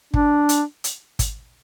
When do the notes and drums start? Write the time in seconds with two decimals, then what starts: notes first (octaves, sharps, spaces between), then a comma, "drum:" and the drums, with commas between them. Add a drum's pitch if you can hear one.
0.14 D4, drum: kick
0.49 drum: hi-hat
0.84 drum: hi-hat
1.19 drum: kick, hi-hat